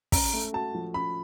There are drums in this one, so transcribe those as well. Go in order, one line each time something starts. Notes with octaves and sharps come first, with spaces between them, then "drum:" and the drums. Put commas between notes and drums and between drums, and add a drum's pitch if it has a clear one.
C#4 A#5, drum: kick, open hi-hat
A3
F#4 A5
F3
C#4 B5